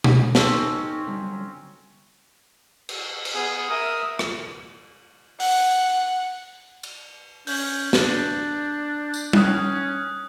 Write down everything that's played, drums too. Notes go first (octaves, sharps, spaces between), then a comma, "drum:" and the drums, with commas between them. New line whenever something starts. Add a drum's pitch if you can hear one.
G#3 E4 F#5, drum: tom B2
C4 C#4 D#4 A4 A5, drum: snare
D3 F#3 G3
drum: cymbal
drum: cymbal
B3 G#4
A#4 E5 D#6
drum: rim click
F#5, drum: open hi-hat
drum: cymbal
C#4 G6 F#7, drum: open hi-hat
D4, drum: snare
drum: tambourine
C#4 D#6 F#6, drum: tom G3